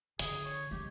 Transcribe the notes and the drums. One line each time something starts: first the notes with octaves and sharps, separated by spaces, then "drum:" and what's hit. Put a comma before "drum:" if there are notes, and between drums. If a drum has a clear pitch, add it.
D3 G#4, drum: hi-hat
C#5
G#3 G4